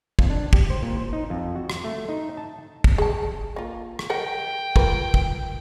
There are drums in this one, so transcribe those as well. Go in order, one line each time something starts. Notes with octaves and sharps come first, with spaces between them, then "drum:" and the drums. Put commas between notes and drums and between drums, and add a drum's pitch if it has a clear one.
F2, drum: kick
D4
G4, drum: kick
C5
A#2
C5
D#4
F2
F#4
drum: rim click
A3
D#4
A5
drum: kick
G#4 A5
A#3 F4
drum: rim click
A#4 D#5 F#5 G5
F4 A#4 B4, drum: kick
drum: kick